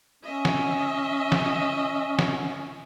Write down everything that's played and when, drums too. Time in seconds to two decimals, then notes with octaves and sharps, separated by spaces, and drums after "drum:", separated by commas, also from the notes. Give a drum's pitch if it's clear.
0.23 C#4 D#5 E5
0.45 drum: snare
1.32 drum: snare
2.19 drum: snare